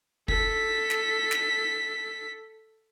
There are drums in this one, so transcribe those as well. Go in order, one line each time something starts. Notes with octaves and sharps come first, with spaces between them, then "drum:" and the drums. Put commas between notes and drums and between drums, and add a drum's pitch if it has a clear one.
A4 B6, drum: kick
drum: snare
drum: snare